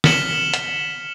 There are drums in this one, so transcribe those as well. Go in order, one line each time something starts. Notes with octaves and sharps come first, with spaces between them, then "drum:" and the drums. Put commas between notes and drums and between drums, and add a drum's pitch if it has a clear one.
F6 B6 C#7 E7 F#7 G7, drum: snare
drum: hi-hat